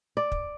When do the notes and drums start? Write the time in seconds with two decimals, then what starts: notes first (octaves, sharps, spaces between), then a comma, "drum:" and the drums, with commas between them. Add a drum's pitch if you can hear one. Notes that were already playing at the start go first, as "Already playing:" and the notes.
0.17 D5
0.32 drum: kick